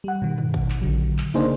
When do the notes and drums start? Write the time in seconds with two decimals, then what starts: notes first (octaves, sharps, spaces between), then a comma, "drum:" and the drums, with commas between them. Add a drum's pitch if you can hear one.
0.04 G3 F#5
0.22 B2 D#3
0.38 drum: tom
0.54 drum: kick G#1
0.70 drum: clap
0.82 A#1 D3 F#3
1.18 drum: clap
1.34 C#3 A#3 D4 D#4 G#4 C5